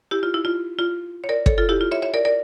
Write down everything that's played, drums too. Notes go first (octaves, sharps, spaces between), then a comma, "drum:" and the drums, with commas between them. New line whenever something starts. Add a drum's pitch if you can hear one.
E4 G4
F4
E4
F4
F4
C#5
A#4 D5
A4 C#5, drum: kick
F4 A4
E4 G4
F4
C#5 E5
C#5 E5
A#4 D5
A#4 D5